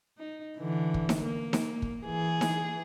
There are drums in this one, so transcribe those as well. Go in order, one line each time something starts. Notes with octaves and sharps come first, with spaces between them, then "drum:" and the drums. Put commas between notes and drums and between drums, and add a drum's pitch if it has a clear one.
D#4
D3 E3
drum: kick
drum: snare D#4
A#3
drum: snare D#4
drum: kick
E3 G#4
drum: snare D#4